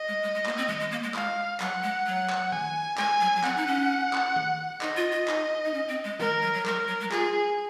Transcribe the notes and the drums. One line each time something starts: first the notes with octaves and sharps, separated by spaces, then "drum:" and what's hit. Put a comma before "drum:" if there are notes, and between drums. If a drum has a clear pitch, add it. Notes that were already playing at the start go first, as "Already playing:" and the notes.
Already playing: D#5
G#3
G#3
G#3
A#3, drum: clap
C4
G#3, drum: tom D#3
G#3
A#3
G#3
G#3 F5, drum: clap
F#3 F#5, drum: clap
G#3
F#3
drum: clap
G#5, drum: tom D#3
G#3 G#5, drum: clap
F#3
F#3
C4 F#5, drum: clap
D#4
C#4
drum: clap
drum: tom D#3
D#4 D#5, drum: clap
F4
F4
D#4, drum: clap
D#4
C#4
C4
G#3
G#3 A#4, drum: tom D#3
F#3
F#3
G#3 A#4, drum: clap
F#3
G#3
F4 G#4, drum: clap